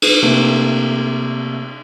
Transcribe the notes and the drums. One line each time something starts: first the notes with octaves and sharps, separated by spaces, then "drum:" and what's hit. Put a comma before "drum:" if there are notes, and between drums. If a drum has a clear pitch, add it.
drum: cymbal
C3 A3 A#3